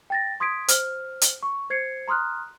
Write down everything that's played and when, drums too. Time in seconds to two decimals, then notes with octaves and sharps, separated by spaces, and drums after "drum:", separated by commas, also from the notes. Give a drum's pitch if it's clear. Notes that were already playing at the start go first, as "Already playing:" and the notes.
0.10 G5 A6 A#6
0.40 C6 D#6 G#6 B6 D7
0.68 C5 F6, drum: hi-hat
1.21 drum: hi-hat
1.43 C#6
1.70 C5 G#6 C7 C#7
2.08 A#5 C6 D#6 F6 F#6